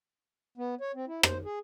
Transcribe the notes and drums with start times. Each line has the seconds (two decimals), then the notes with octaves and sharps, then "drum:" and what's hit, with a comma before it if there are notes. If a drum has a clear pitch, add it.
0.58 B3
0.81 C#5
0.95 C4
1.08 E4
1.23 C5, drum: rim click
1.45 G#4